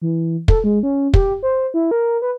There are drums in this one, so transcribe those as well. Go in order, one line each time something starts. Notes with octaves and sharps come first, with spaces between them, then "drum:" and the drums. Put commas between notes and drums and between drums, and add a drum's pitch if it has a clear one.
E3
A4, drum: kick
G#3
C#4
G4, drum: kick
C5
E4
A#4
B4